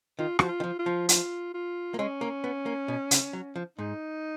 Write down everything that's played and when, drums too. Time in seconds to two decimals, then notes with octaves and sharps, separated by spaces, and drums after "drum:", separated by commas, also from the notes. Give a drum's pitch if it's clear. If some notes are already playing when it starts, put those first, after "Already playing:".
0.19 D#3 F4
0.39 F3 F#4, drum: rim click
0.49 F4
0.60 D#3
0.64 F3
0.79 F4
0.86 F3
1.09 F4, drum: hi-hat
1.54 F4
1.94 A#3
1.99 G#3 C#4
2.21 A#3
2.44 B3
2.66 A#3
2.88 B2
3.11 C#3, drum: hi-hat
3.33 F#3
3.56 F3
3.78 G#2 D#4